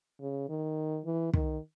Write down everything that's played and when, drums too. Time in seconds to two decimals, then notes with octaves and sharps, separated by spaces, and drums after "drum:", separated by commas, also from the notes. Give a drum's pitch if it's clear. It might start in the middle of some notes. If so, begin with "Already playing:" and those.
0.21 C#3
0.49 D#3
1.05 E3
1.34 D#3, drum: kick